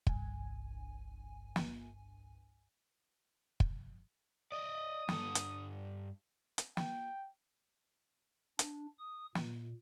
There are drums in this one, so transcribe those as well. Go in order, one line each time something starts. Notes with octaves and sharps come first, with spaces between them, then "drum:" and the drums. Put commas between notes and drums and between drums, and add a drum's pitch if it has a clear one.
G1 C2 G2 G#5, drum: kick
drum: snare
drum: kick
D5 D#5 D#6
G2 A4, drum: snare
drum: hi-hat
drum: hi-hat
G5, drum: snare
D4, drum: hi-hat
D#6
A#2, drum: snare